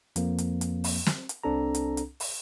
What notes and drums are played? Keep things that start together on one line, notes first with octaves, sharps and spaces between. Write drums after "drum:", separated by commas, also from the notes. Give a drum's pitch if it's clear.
F2 F3 A#3, drum: hi-hat
drum: hi-hat
drum: hi-hat
drum: open hi-hat
drum: snare
drum: hi-hat
C2 C4 D4 A4 A#5
drum: hi-hat
drum: hi-hat
drum: open hi-hat